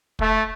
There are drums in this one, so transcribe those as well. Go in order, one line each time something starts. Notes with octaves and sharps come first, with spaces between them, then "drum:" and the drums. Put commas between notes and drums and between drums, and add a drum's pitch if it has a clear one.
A3, drum: kick